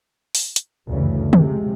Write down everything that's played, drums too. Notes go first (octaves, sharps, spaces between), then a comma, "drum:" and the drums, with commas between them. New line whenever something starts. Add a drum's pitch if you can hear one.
drum: open hi-hat
drum: hi-hat
F#1 D2 G2 C#3 E3 A3
C3 F3 G#3, drum: tom